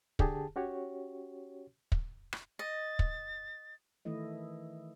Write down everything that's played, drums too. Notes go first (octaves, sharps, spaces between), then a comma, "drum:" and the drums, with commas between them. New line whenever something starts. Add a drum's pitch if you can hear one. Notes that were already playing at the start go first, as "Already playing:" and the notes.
D3 G4 G#4 A5, drum: kick
C#4 F#4 G4 C#5
drum: kick
drum: rim click
D#5 A6
drum: kick
D#3 E3 A3 E4 D#5